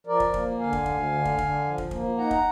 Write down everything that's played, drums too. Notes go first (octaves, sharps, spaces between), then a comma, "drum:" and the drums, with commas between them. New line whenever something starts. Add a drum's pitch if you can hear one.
F3 A#4 D5
drum: kick
A#3, drum: kick
D3 F5 G#5
drum: kick
D2, drum: kick
D3
drum: kick
D3, drum: kick
F3
drum: kick
A#3, drum: kick
D#4 F#5 A#5
drum: kick